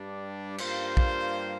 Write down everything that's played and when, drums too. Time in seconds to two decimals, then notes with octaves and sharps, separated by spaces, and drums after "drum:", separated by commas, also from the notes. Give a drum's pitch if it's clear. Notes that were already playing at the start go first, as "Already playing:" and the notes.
Already playing: G2 G3 D4
0.58 G2 G3 A#3 F4 C5, drum: cymbal
0.97 drum: kick